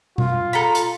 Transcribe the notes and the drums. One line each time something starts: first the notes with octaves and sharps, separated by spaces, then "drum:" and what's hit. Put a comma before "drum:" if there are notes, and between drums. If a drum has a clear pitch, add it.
F4, drum: tom B2
A4 A#5 B5
drum: hi-hat